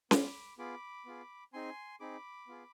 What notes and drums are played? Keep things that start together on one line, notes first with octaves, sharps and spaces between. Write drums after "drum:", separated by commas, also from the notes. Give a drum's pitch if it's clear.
B3 F4 G#4 B5 D6, drum: snare C#4
B3 F4 G#4 B5 D6
B3 F4 G#4
C4 D#4 G#4 G#5 C6
C4 D#4 G#4 B5 D6
B3 F4 G#4